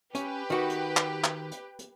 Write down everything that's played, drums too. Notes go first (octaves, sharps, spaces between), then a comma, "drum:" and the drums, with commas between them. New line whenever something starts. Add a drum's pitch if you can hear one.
C#4 G4 B4, drum: hi-hat
D#3 F#4
drum: hi-hat
drum: clap
drum: clap
drum: hi-hat
drum: hi-hat